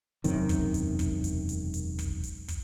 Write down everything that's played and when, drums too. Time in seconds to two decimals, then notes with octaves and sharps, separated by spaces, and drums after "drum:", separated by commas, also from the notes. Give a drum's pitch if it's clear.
0.24 E1 F#2 C3 D#3, drum: hi-hat
0.49 drum: kick, hi-hat
0.74 drum: hi-hat
0.99 drum: kick, hi-hat
1.24 drum: hi-hat
1.49 drum: hi-hat
1.74 drum: hi-hat
1.99 drum: kick, hi-hat
2.23 drum: hi-hat
2.48 drum: kick, hi-hat